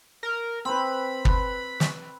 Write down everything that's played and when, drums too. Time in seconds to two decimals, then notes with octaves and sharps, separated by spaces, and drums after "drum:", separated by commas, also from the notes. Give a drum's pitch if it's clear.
0.23 A#4
0.65 C4 B4 B5
1.25 B4, drum: kick
1.80 drum: snare